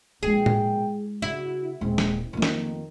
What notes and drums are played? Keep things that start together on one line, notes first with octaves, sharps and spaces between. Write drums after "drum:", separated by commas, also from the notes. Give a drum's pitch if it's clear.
A#1 B2 G#3 E4 G#4 G5
drum: tom A2
C#3 E4 F#4
D#1 G#3 C4
drum: snare
F2 D3 D#3 A#3
drum: snare